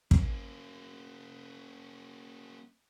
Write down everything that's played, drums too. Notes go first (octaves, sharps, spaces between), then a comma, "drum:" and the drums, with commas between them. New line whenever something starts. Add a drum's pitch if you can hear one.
A#3 C#4, drum: kick